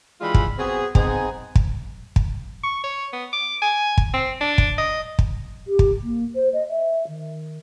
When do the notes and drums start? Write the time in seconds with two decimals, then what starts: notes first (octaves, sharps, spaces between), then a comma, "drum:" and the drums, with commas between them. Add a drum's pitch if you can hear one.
0.21 E3 G#3 D4 F4 G4 B5
0.34 drum: kick
0.58 B3 C4 F#4 G#4
0.95 B3 C4 D#4 G#4 G#5, drum: kick
1.55 drum: kick
2.16 drum: kick
2.63 C#6
2.84 C#5
3.13 B3
3.33 D6
3.62 G#5
3.98 drum: kick
4.14 C4
4.41 D4
4.58 drum: kick
4.78 D#5
5.19 drum: kick
5.66 G4
5.79 drum: kick
6.03 A#3
6.35 C5
6.53 D#5
6.69 E5
7.08 D#3